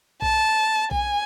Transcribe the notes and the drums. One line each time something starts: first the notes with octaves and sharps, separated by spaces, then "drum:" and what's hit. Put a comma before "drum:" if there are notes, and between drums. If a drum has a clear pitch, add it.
A5, drum: kick B1
G#5, drum: kick B1